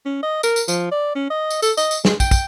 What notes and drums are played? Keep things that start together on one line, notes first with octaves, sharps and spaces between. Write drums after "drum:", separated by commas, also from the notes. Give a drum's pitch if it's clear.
C#4
D#5
A#4, drum: tambourine
drum: tambourine
F3, drum: tambourine
D5
C#4
D#5
drum: tambourine
A4, drum: tambourine
D#5, drum: tambourine
drum: tambourine
G#3, drum: snare
G5, drum: kick, tambourine
drum: kick, tambourine